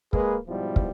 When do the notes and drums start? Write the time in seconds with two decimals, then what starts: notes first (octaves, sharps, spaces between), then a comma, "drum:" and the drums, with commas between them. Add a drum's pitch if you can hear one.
0.13 G#3 A#3 G#4 B4, drum: kick
0.48 G#2 B2 F3 G3 B3 E4
0.76 drum: kick